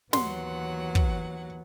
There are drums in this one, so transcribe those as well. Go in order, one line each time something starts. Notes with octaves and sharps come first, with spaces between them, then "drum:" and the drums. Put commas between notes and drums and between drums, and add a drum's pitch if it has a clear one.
D#2 E3 F#3 B3 F#5 C6, drum: snare
drum: kick